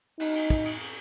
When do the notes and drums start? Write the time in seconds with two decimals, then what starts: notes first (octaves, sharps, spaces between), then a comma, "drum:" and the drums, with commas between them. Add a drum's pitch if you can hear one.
0.20 D#4, drum: cymbal
0.35 drum: cymbal
0.50 drum: kick
0.65 drum: cymbal
0.80 drum: cymbal